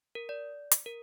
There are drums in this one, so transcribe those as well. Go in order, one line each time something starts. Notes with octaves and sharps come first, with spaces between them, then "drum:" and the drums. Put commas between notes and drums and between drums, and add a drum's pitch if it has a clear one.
A#4
D5
drum: hi-hat
A#4